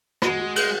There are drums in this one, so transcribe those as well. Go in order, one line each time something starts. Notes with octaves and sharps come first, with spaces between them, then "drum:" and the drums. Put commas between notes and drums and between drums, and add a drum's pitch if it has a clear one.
G#3 F#4, drum: rim click
F#4
G#3 G#4, drum: cymbal